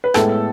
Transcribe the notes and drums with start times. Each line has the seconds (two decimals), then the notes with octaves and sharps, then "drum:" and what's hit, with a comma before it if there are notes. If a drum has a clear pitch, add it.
0.04 B4
0.14 A2 G#3 B3 E4 A4, drum: rim click